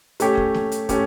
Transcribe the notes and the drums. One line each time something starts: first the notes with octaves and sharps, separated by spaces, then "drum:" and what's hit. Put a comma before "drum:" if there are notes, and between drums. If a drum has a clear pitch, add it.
A3 C#4 G4 C#5, drum: hi-hat
drum: kick
drum: snare
drum: hi-hat
A3 C#4 G4 C#5, drum: kick, hi-hat